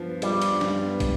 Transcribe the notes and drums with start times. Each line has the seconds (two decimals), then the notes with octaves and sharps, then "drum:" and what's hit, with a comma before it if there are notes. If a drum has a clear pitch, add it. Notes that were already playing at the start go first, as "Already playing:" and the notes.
Already playing: G2 F3 B3
0.22 G3 F4, drum: hi-hat
0.42 drum: hi-hat
0.52 G2
0.61 drum: snare
0.81 B3
1.00 drum: kick, hi-hat